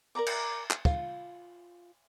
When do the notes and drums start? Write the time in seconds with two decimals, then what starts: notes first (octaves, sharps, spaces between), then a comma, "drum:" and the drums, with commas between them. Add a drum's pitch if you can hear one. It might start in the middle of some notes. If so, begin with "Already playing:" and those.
0.15 A#4 D5 A#5 D6
0.26 drum: cymbal
0.70 drum: clap
0.85 F4, drum: kick